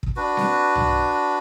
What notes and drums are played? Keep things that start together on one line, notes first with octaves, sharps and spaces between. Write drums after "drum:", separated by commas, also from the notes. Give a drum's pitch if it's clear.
drum: kick
D4 F#4 B4
drum: snare C4
drum: tom